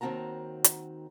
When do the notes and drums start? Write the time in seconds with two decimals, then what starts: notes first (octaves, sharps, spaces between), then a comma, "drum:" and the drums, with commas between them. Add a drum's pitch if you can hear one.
0.01 D#2 D#3 C4 F#4 A5 A#5
0.64 drum: hi-hat